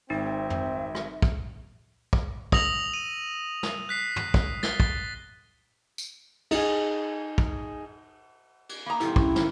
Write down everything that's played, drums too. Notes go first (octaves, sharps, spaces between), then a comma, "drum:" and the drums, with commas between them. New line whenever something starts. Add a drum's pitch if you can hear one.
G#1 G#2 C4 D#4 E5
drum: tom
drum: rim click
drum: kick
drum: kick
D#6 E6 A#6 F7 F#7, drum: kick
D#7
drum: snare
F#6 B6 C7
drum: tom
drum: kick
A6 G7, drum: snare
A6, drum: kick
drum: tambourine
D#4 G#4, drum: cymbal
drum: kick
drum: cymbal
A#3 A#5 B5 D#6
G#2 C3 F3 E4 G4 A4, drum: hi-hat
C#4 E4, drum: kick
D#3, drum: snare